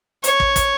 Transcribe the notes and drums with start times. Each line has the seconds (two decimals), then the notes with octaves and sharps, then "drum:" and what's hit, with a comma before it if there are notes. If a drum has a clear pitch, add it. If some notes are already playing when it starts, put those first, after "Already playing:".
0.24 C#5, drum: hi-hat
0.40 drum: kick
0.56 drum: kick, hi-hat